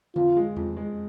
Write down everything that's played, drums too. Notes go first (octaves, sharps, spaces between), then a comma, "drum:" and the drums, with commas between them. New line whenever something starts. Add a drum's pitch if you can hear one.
F2 F4, drum: tom D3
G#3
F2, drum: tom E2
G#3